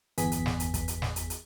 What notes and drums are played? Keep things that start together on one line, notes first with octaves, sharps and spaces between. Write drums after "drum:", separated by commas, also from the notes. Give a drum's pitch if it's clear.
G1 E2 B3 G#4 B6, drum: hi-hat
drum: hi-hat
drum: snare
drum: hi-hat
drum: kick, hi-hat
drum: hi-hat
drum: snare
drum: hi-hat
drum: hi-hat